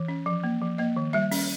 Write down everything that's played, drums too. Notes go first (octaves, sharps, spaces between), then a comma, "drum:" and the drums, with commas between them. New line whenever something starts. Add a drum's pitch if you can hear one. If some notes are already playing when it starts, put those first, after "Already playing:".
Already playing: E3
C#4
F3
A#3
F3
A#3 D#5
D#3
G3 E5
C#4, drum: open hi-hat